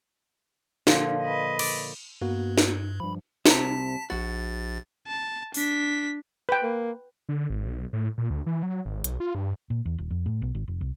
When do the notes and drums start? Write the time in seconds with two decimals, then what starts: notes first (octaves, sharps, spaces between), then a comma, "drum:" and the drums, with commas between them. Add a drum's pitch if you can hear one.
0.87 A#2 D3 F3, drum: snare
1.23 B4 D#5
1.59 D5, drum: cymbal
2.21 G2 A#3 B3 F#4
2.58 drum: snare
3.00 G2 F3 B5
3.46 C2 C3 A5 A#5 B6, drum: snare
4.10 A#1 F#4 A6
5.07 A5
5.54 D4 B6, drum: open hi-hat
6.49 B4 G5
6.63 A#3
7.29 D3
7.50 G#1
7.66 B1
7.93 A2
8.18 A#2
8.30 D2
8.46 E3
8.63 F#3
8.86 G#1
9.04 B1, drum: hi-hat
9.20 F4
9.35 G2
9.70 A#2
9.85 E2
9.98 D#1
10.10 F2
10.26 A2
10.42 B1
10.55 G#1
10.68 F1
10.81 C2